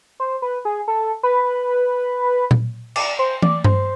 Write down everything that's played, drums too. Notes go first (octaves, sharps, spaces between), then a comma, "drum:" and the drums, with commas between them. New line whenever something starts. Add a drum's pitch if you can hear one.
C5
B4
G#4
A4
B4
drum: tom A#2
D5, drum: cymbal
C5
D5, drum: tom
C5, drum: tom G2